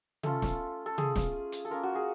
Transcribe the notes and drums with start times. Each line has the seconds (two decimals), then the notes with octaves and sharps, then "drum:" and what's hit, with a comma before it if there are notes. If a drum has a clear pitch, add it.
0.23 A3 C#4 F4 A4, drum: tom
0.42 drum: snare
0.86 A4
0.98 G#4, drum: tom
1.16 drum: snare
1.52 drum: hi-hat
1.65 A4
1.71 A#3 C#4 F4 A#4
1.83 F#4
1.95 G#4